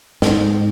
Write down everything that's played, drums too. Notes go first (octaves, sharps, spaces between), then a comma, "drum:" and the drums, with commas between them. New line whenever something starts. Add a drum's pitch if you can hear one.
G#2, drum: snare